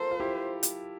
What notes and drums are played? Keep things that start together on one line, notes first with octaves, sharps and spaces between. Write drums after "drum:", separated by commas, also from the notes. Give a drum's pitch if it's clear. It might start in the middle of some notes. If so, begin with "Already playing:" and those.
Already playing: F4 A4 A#4 C5
F4
E4 G4
drum: hi-hat